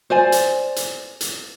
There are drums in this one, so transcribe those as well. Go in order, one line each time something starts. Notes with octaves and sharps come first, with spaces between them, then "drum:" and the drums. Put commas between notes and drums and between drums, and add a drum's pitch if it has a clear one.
C5 D5 G#5
drum: hi-hat
drum: hi-hat
drum: hi-hat